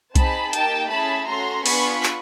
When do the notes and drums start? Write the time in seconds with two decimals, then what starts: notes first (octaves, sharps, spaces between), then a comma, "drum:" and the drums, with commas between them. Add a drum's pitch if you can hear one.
0.15 C4 D#4 G#4 A5 B5, drum: kick B1, hi-hat
0.53 A#3 D#4 G4 G5 A5, drum: hi-hat
0.91 A3 C#4 E4 G#4 A5 B5
1.28 C#4 F#4 A4 A#5 C6
1.66 B3 D4 F4 G#4 B5 C#6, drum: open hi-hat
2.03 drum: clap